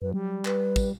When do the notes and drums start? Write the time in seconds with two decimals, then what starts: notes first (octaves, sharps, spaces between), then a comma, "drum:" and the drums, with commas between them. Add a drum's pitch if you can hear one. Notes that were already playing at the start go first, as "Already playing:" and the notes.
0.02 F#2 B4
0.14 F#3 G3
0.45 B4, drum: clap
0.76 drum: kick, tambourine